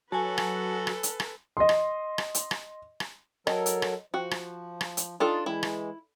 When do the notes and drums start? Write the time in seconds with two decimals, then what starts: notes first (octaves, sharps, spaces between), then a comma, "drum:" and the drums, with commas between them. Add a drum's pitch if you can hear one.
0.12 F#3 F#4 A4 B4 G#5 A5
0.38 drum: rim click
0.87 drum: rim click
1.03 drum: hi-hat
1.20 drum: rim click
1.57 D#5 C6
1.69 drum: rim click
2.18 drum: rim click
2.34 drum: hi-hat
2.51 drum: rim click
3.00 drum: rim click
3.47 F#3 A4 A#4 D#5, drum: rim click
3.66 drum: hi-hat
3.82 drum: rim click
4.14 F3 F#4
4.31 drum: rim click
4.81 drum: rim click
4.97 drum: hi-hat
5.20 D4 D#4 F4 A4
5.46 E3 G#3 E4
5.63 drum: rim click